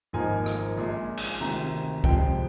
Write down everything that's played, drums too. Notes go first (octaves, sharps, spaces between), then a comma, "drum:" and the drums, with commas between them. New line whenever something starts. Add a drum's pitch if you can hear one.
G#1 G#2 F3 A#3 D#4 G#5
drum: rim click
A#1 A#2 G#3
drum: cymbal
D2 C3 D#3 A#5
F2 C3 F3 G#3 G5, drum: kick C2